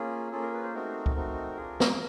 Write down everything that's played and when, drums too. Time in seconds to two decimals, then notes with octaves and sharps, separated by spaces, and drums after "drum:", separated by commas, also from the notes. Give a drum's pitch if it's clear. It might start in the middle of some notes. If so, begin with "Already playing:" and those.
Already playing: A#3 C#4 F4 G#4
0.31 A#3 C#4 F4 G#4 A4
0.42 A#4
0.53 B4
0.63 C5
0.74 A3 C4 D#4 F#4 A#4
1.06 drum: kick C#2
1.15 A3 C4 D#4 F#4
1.56 D4 F4 G#4
1.80 drum: snare